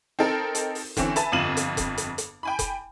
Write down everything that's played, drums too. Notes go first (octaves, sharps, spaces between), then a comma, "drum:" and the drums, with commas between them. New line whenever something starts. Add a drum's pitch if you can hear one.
C4 D#4 A4 A#4
drum: hi-hat
drum: open hi-hat
D3 E3 C4 C#4, drum: kick F1, hi-hat
B4 E5 G#5 A5, drum: hi-hat
G1 F2 F4 D#7 E7 F#7
drum: hi-hat
drum: kick F1, hi-hat
drum: hi-hat
drum: hi-hat
G5 G#5 B5
drum: kick F1, hi-hat